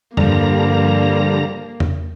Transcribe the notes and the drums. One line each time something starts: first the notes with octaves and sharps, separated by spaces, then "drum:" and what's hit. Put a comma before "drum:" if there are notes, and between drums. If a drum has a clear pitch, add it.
G2 D3 F3 G3 A#3 A#5, drum: tom E2
drum: tom E2